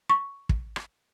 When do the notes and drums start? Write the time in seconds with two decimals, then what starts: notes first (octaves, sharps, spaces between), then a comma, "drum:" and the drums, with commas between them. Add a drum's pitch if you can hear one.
0.10 C#6
0.49 drum: kick
0.76 drum: rim click